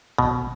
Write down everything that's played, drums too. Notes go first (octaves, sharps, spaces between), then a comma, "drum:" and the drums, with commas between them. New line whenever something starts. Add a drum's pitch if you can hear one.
B2, drum: kick